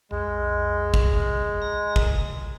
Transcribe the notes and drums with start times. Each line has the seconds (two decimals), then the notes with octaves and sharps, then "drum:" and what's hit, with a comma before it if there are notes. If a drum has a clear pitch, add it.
0.11 B1 F2 G#3
0.94 drum: kick
1.62 A#5
1.96 drum: kick